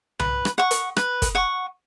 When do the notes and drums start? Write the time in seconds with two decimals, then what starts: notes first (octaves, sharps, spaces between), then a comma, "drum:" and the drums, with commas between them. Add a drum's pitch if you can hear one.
0.19 B4, drum: tom C2
0.45 drum: rim click
0.58 F#5 C#6
0.71 drum: hi-hat
0.97 B4, drum: rim click
1.22 drum: kick, hi-hat
1.35 F#5 C#6